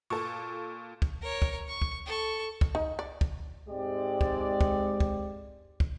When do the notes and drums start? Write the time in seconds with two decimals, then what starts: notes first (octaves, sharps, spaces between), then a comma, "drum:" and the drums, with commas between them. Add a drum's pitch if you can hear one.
0.10 A#2 A4 C#6
1.02 drum: kick
1.22 A#4 C#5
1.42 drum: kick
1.68 C#6
1.82 drum: kick
2.06 A4 C#6
2.61 drum: kick
2.75 D#4
2.99 D5
3.21 drum: kick
3.69 G#2 G#3 C4 G4 D5
4.21 drum: kick
4.61 drum: kick
5.00 drum: kick
5.80 drum: kick